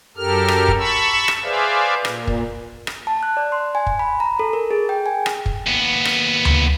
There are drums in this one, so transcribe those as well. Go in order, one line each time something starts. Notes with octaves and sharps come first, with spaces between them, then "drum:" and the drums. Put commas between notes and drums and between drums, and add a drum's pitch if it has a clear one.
F#2 G4 A4 A#4 F6
drum: rim click
drum: kick
A5 B5 C#6 E6
drum: rim click
G#4 B4 C5 D5 E5 F5
A#2, drum: rim click
drum: kick
drum: rim click
A5
F#6
D5
C6
G#5
drum: kick
B5
A#5
A4
A#4
G#4
G5
G#5
drum: rim click
drum: kick
D#2 B3
drum: rim click
drum: tom D2